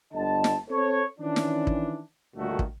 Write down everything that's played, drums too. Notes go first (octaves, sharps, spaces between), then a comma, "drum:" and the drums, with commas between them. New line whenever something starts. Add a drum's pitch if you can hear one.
G1 D3 D#5 A5
drum: snare
C4 A4 C5 C#5
D#3 E3 C#4 D4
drum: snare
drum: kick
D2 G2 A#2 D#3 A3 F#4
drum: kick